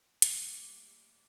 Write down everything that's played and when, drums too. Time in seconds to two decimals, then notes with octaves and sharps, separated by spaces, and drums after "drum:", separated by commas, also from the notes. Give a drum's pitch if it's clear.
0.22 G3 A3 A#3 D6, drum: hi-hat